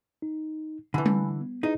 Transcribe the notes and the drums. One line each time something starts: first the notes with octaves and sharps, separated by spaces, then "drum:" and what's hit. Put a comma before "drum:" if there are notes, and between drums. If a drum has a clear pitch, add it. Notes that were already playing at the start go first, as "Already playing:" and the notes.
D#4
D3 E3 G#5 B5
drum: tom G3
B3
D#4 E4 G#4 B4